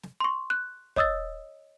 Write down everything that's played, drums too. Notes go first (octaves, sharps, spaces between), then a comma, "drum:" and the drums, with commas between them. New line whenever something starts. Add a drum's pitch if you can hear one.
drum: snare
C6 C#6
F#6
C#5 D#5 D#6 E6 A6, drum: kick